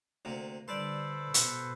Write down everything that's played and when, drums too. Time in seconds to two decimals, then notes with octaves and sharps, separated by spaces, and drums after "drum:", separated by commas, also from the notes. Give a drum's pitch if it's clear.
0.25 D2 C3 A#3
0.68 D3 G3 A4 B4 C5 D5 A5 C6
1.34 B2 C#6, drum: hi-hat